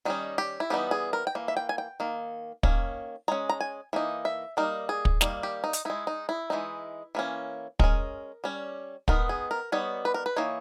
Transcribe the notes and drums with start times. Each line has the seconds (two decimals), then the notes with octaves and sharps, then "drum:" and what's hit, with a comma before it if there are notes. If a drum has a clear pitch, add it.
0.05 D#3 G3 C#4 D#4
0.38 G4
0.60 E4
0.70 E3 G3 B3 D#4 G4
0.91 G#4
1.13 A#4
1.27 G5
1.35 E3 A#3
1.48 E5
1.57 G5
1.69 G#5
1.78 G5
2.00 D#3 A#3
2.63 D#3 A#3 C#4, drum: kick
3.28 G#3 C#4 A#5
3.49 A#5
3.60 G#5
3.93 E3 A#3 D#4
4.25 E5
4.57 G3 A#3 D#4 A#4
4.89 G#4
5.05 drum: kick
5.21 D#3 G3 A#3, drum: snare
5.43 G4
5.64 D#4
5.73 drum: hi-hat
5.85 G#3 D#4 E4
6.07 D#4
6.29 E4
6.50 E3 G#3 D#4
7.15 E3 A#3 C#4
7.79 G#3 C#4 A#4, drum: kick
8.44 G3 C#4
9.08 D#3 G#3 B3 D#4 A#4, drum: kick
9.29 G#4
9.51 A#4
9.72 G3 B3 D#4 C#5
10.05 B4
10.14 A#4
10.26 B4
10.36 E3 A#3 D#4 C#5